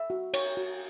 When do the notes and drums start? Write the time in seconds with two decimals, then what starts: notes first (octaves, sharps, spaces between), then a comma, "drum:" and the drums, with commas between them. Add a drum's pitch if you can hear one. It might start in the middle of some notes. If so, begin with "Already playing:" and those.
Already playing: E5
0.10 F#4
0.34 C#5, drum: cymbal
0.57 F#4